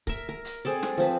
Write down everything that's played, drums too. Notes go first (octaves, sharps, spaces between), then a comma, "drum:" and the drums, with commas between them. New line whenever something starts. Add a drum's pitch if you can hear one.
A#4 E5, drum: kick C#1
A#4
drum: hi-hat
C4 G#4 A4 D5
drum: snare
F3 C4 B4